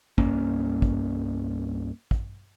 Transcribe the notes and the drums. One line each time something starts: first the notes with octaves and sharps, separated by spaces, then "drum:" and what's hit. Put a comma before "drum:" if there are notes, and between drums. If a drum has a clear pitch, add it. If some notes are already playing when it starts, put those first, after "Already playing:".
C2 G2 A#3 C#4, drum: kick
drum: kick
drum: kick